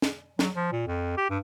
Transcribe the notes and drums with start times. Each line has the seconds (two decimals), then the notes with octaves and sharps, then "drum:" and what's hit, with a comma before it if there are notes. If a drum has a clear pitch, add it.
0.02 drum: snare
0.39 F#3, drum: snare
0.55 F3
0.72 A#2
0.87 F2
1.17 G4
1.30 G2